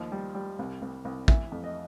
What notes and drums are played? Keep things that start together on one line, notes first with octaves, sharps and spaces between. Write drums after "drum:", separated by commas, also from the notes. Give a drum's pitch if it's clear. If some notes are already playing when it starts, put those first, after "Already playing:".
Already playing: D#2 F3
G3
G3
C2
C2
C2
E3 E5, drum: kick
F2
D#5